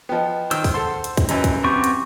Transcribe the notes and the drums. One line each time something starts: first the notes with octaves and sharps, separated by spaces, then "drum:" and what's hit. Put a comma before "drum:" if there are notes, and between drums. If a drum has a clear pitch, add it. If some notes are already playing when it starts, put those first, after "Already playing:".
F3 B3 D#5 G5
D#3 C5 E6, drum: hi-hat
drum: kick, open hi-hat
A4 F#5 A5 C6
drum: hi-hat
drum: kick, hi-hat
F#2 E3 D#5, drum: hi-hat
drum: kick, hi-hat
B3 C4 G4 C#6 D6 G6
drum: hi-hat